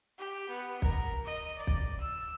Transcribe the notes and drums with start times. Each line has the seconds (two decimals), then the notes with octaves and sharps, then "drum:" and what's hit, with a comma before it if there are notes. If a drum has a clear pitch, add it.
0.18 G4
0.49 B3
0.82 A#4, drum: kick
1.25 D#5
1.58 D5
1.67 drum: kick
2.00 E6